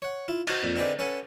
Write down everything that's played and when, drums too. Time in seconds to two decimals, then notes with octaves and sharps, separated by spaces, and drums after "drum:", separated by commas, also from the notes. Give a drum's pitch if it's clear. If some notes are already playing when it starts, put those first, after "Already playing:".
0.02 C#5 F#5
0.28 E4 F4
0.47 D#4 F#4 C5, drum: cymbal
0.63 F2 A#2
0.76 D3 C4 D#4 G#4 B4 D5
0.99 C#4 A4 B4 F#5 G#5